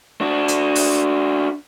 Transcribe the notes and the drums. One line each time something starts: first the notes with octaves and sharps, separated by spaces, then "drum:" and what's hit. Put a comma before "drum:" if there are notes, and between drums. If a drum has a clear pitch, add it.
D4 F#4
drum: hi-hat
drum: open hi-hat